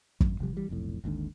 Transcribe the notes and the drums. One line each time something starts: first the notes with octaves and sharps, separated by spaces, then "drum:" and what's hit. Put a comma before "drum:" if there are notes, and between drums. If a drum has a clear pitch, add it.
G#1 F#2, drum: kick
D#1 C3 F3 G3
E3 G3
F1 B1 F2 A2
G#1 D#2 G#2 D3